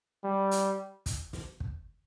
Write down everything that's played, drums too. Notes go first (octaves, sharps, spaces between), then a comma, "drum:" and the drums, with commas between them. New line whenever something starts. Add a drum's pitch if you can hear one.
G3
drum: hi-hat
drum: kick, hi-hat
drum: snare
drum: kick